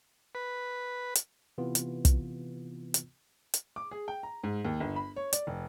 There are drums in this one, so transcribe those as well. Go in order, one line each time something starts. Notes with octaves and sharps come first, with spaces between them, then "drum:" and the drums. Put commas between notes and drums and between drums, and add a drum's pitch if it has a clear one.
B4
drum: hi-hat
C3 E3 B3 F4
drum: hi-hat
drum: kick, hi-hat
drum: hi-hat
drum: hi-hat
D6
G#4
G5
A#5
G#2
D#2
G1
B5
C#5
D5, drum: hi-hat
F1